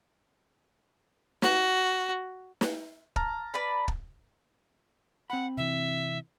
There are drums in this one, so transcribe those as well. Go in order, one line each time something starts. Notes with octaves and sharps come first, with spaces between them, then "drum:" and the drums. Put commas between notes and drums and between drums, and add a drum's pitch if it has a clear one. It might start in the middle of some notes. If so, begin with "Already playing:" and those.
F#4, drum: snare
drum: snare
A5 A#5 F6, drum: kick
B4 D5 B5
drum: kick
C4 F#5 B5
C3 E3 E5